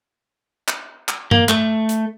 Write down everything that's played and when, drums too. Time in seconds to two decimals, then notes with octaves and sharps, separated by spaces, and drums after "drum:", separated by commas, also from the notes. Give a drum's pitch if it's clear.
0.68 drum: clap
1.08 drum: clap
1.31 A#3, drum: tom G2
1.49 A3, drum: clap
1.89 drum: hi-hat